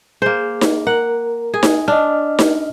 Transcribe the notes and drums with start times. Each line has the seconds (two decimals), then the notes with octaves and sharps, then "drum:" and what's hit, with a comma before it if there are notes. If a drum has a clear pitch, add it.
0.22 A#3 G#4 C5
0.61 drum: snare D#4
0.87 A#4 F#5
1.54 G#4
1.63 drum: snare D#4
1.88 D4 D#5 F6
2.39 drum: snare D#4